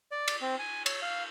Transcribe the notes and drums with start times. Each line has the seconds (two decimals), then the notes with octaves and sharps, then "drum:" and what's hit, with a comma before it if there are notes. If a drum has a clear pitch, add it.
0.11 D5
0.28 drum: cymbal
0.41 C4
0.59 G#5
0.86 C#5, drum: cymbal
1.02 F5